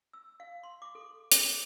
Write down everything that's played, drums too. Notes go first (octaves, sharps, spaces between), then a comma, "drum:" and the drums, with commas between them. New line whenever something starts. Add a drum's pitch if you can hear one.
E6
F5
C6
D6
A4
D6, drum: hi-hat